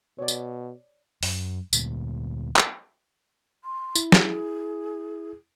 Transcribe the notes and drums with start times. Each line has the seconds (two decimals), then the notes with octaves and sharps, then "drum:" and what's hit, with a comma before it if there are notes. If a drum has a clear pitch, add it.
0.19 B2 C#5 D5
0.28 drum: tambourine
1.23 F#2, drum: open hi-hat
1.73 D2 A#2, drum: tambourine
2.56 drum: clap
3.64 C6
3.95 E4, drum: tambourine
4.12 G#4, drum: snare